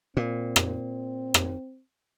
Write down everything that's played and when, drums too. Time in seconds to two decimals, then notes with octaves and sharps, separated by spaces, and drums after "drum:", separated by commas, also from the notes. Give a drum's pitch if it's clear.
0.17 A#2 C4
0.56 drum: rim click
1.34 drum: rim click